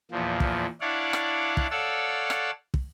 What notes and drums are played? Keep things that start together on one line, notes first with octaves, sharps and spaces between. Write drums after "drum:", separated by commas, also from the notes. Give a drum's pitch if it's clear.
E2 A#2 F3
drum: kick
D4 E4 C#5 D5 F5 F#5
drum: rim click
drum: kick
A4 C#5 D5 F5 F#5 E6
drum: rim click
drum: kick